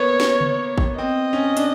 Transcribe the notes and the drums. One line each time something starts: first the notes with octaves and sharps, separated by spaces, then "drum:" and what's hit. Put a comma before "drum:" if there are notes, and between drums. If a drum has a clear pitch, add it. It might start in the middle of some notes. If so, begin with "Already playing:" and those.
Already playing: A#3 B3 C#5
drum: snare
drum: tom C#3
drum: kick
C4 D#5
C#4
D4, drum: hi-hat